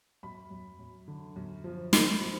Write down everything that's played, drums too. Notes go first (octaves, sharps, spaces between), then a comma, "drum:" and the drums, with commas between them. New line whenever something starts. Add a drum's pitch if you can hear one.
F#2 B5
F#2
F#2
D3
F#2
F3
G#3 B5, drum: snare
F3